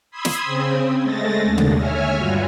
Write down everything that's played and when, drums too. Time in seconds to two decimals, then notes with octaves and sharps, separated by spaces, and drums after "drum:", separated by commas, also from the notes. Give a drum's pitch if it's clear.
0.11 B5 C6 D#6 E6 G#6
0.25 drum: snare
0.43 C#3 C4
1.02 G#3 A3 A6 A#6
1.44 D#2 D3
1.58 drum: tom C3
1.77 C#5 E5 G#5 F6
2.17 G2 G3 F4 F#4